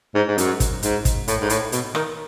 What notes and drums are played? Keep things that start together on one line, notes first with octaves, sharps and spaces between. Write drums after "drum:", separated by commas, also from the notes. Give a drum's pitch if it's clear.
G#2
G#2
F#2, drum: hi-hat
drum: kick, hi-hat
G#2, drum: hi-hat
drum: kick, hi-hat
A2, drum: hi-hat
G#2
A2, drum: hi-hat
B2, drum: hi-hat
D#3, drum: rim click